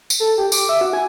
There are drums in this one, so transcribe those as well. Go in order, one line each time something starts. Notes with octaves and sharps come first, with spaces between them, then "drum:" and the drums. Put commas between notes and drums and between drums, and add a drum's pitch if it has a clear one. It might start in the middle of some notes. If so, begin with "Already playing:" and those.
drum: tambourine
A4
G4
D6, drum: tambourine
E5
F#4
G#5